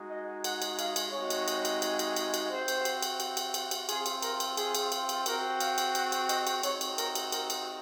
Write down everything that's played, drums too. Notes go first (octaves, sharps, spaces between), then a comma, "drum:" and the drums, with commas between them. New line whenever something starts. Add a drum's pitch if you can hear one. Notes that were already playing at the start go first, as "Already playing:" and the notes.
Already playing: G#3 D#4 F#4
D#5
F#5, drum: cymbal
drum: cymbal
F5, drum: cymbal
drum: cymbal
G#3 C4 D#4 F#4 C#5
drum: cymbal
drum: cymbal
drum: cymbal
drum: cymbal
drum: cymbal
drum: cymbal
drum: cymbal
C4 F#4 C5
drum: cymbal
drum: cymbal
drum: cymbal
drum: cymbal
drum: cymbal
drum: cymbal
drum: cymbal
C4 F4 G#4, drum: cymbal
drum: cymbal
A#4, drum: cymbal
drum: cymbal
G#4, drum: cymbal
drum: cymbal
drum: cymbal
drum: cymbal
C4 F#4 A#4, drum: cymbal
F5, drum: cymbal
drum: cymbal
F#5, drum: cymbal
drum: cymbal
D#5, drum: cymbal
drum: cymbal
C4 D#4 F#4 C#5, drum: cymbal
drum: cymbal
A#4, drum: cymbal
drum: cymbal
A#4, drum: cymbal
drum: cymbal